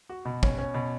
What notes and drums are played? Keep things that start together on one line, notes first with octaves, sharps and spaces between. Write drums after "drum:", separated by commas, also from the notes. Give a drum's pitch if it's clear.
F#4
B2
C#4, drum: kick
C#4
B2